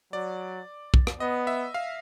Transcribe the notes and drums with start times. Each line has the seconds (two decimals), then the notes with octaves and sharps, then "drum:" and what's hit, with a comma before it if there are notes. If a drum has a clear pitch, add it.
0.13 F#3 D5
0.94 drum: kick
1.07 drum: rim click
1.20 B3 D#5
1.47 E5
1.74 F5